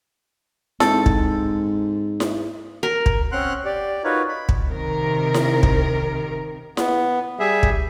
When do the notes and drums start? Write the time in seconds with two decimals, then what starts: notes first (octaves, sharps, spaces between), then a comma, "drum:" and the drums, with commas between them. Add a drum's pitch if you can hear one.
0.80 G#2 C4 A4, drum: snare E4
1.06 drum: kick
2.20 drum: snare E4
2.83 A#4
3.06 drum: kick
3.32 C4 C#4 F#5 C6 F6 F#6
3.65 G4 D5
4.04 D#4 F4 F#4 A#4 B4 C#5
4.29 B5
4.49 drum: kick
4.69 C3 D#3 A#4
5.34 drum: snare E4
5.63 drum: kick
6.77 B3, drum: snare E4
7.40 G3 G#4 E5
7.63 drum: kick